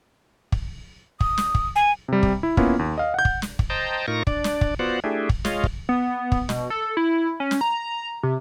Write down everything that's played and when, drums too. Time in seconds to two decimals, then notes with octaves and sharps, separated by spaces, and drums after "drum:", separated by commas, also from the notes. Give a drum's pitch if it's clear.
0.52 drum: kick
1.20 D#6, drum: kick
1.38 drum: snare
1.55 drum: kick
1.76 G#5
2.08 C3 G3
2.23 drum: kick
2.43 E4
2.57 A#3 B3 C#4 E4 F4, drum: kick
2.79 D#2
2.98 D#5 F5
3.14 F#5 G6
3.25 drum: kick
3.42 drum: snare
3.59 drum: kick
3.70 C5 D#5 G5 A5 A#5
4.08 A2 D#4 F4 A#4 C#6 A#6
4.27 D4 D5, drum: kick
4.44 drum: snare
4.61 drum: kick
4.79 B3 F4 F#4 C5 D5 F#5
5.04 A3 D4 E4 G4 G#4
5.29 drum: kick
5.45 G#3 F4 C#5 D#5 F5, drum: snare
5.63 drum: kick
5.89 B3
6.32 drum: kick
6.49 B2, drum: snare
6.70 A4
6.97 E4
7.40 C#4
7.51 drum: snare
7.61 A#5
8.23 C3